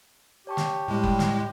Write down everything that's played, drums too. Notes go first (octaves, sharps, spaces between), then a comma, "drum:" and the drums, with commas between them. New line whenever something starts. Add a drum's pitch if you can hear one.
G4 C#5 A5 C#6
drum: snare
A2 G3 G#3
drum: kick F#1
drum: snare